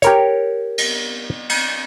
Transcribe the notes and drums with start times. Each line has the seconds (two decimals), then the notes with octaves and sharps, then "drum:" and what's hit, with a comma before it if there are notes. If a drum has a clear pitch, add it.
0.02 G4 A#4 C#5, drum: hi-hat
0.78 drum: cymbal
1.49 drum: cymbal